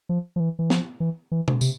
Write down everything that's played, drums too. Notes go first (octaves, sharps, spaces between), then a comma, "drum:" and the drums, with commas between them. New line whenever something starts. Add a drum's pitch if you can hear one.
F3
F3
E3
E3
F3, drum: snare
E3
E3
drum: tom B2
C3, drum: tambourine